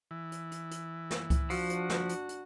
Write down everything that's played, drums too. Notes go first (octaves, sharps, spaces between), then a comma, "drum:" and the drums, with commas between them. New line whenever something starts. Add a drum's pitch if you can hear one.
E3
drum: hi-hat
drum: hi-hat
drum: hi-hat
drum: snare
drum: kick C#2, hi-hat
F3 D4 F#4 F#5, drum: open hi-hat
drum: hi-hat
drum: snare
drum: hi-hat
drum: hi-hat